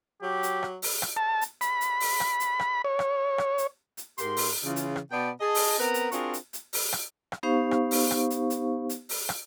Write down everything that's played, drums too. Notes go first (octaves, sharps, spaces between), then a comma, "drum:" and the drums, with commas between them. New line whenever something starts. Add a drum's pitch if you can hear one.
F#3 G4
drum: hi-hat
drum: rim click
drum: open hi-hat
drum: rim click
A5
drum: hi-hat
B5, drum: hi-hat
drum: hi-hat
drum: open hi-hat
drum: rim click
drum: hi-hat
drum: rim click
C#5
drum: rim click
drum: rim click
drum: hi-hat
drum: hi-hat
G#2 G4 A#4 C6, drum: hi-hat
drum: open hi-hat
C#3 E3 F4
drum: hi-hat
drum: rim click
B2 B3 D5 G5 A5 B5
G#4 D#5 A5
drum: open hi-hat
B3 C4 A#4 B4 A#5
drum: hi-hat
C4 D4 F4 F#4 G#4 A#4, drum: hi-hat
drum: hi-hat
drum: hi-hat
drum: open hi-hat
drum: rim click
drum: rim click
B3 D#4 G4 C5 F5 C#6
drum: rim click
drum: open hi-hat
drum: rim click
drum: hi-hat
drum: hi-hat
drum: hi-hat
drum: open hi-hat
drum: rim click